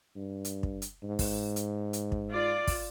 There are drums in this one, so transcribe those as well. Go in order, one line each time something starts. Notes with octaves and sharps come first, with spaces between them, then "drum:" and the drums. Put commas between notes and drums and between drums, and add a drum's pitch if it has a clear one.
G2
drum: hi-hat
drum: kick
drum: hi-hat
G#2
drum: kick, open hi-hat
drum: hi-hat
drum: hi-hat
drum: kick
F4 D5
drum: kick, open hi-hat